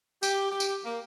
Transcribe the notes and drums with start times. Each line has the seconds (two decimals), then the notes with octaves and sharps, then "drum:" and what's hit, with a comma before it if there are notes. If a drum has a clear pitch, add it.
0.23 G4, drum: tambourine
0.51 G4
0.60 drum: tambourine
0.85 A#3